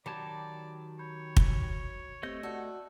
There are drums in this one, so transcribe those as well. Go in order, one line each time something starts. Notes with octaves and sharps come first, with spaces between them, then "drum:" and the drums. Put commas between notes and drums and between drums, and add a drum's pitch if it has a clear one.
D#3 F#3 G4 D5 A5 B5 G#6
C#5 B5 G6
drum: kick
A3 C4 G4 D#5 G6
F#4 D5 A5 E6